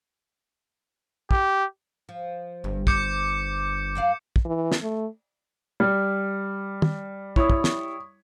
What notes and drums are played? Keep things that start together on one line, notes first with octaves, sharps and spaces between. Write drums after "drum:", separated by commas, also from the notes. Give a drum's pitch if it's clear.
G4, drum: kick
F3
G1 G2
C5 D6 G6 C#7, drum: kick
F#2 D5 F5
drum: kick
E3
drum: snare
A3
G3 F6
drum: tom
E4 C#5 C#6 D#6, drum: kick
drum: kick
drum: snare